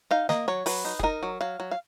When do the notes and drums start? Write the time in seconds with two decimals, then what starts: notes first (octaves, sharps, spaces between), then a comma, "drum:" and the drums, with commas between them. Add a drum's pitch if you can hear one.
0.11 D#4 F5
0.29 A#3 D#5, drum: snare
0.48 F#3 C#5
0.66 F#3 B4, drum: open hi-hat
0.85 D#4
0.99 G#4, drum: kick
1.03 D#4 A#4
1.23 F#3
1.41 F#3 F5
1.60 F#3
1.71 F5